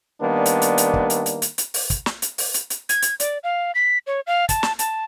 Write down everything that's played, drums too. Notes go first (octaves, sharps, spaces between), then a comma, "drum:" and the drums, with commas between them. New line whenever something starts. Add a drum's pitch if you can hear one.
D#3 G3 A#3 B3 D4
drum: hi-hat
drum: hi-hat
drum: hi-hat
drum: kick
drum: hi-hat
drum: hi-hat
drum: hi-hat
drum: hi-hat
drum: open hi-hat
drum: kick, hi-hat
drum: snare
drum: hi-hat
drum: open hi-hat
drum: hi-hat
drum: hi-hat
G#6, drum: hi-hat
drum: hi-hat
D5, drum: hi-hat
F5
B6
C#5
F5
A5, drum: kick, hi-hat
drum: snare
A5, drum: hi-hat